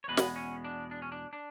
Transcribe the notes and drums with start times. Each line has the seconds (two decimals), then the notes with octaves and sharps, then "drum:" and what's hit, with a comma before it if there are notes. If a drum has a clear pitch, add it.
0.04 C#5
0.08 E2 B2 G#3 B3 B4
0.17 drum: snare
0.36 C#4
0.64 D4
0.91 D4
1.02 C#4
1.12 D4
1.33 D4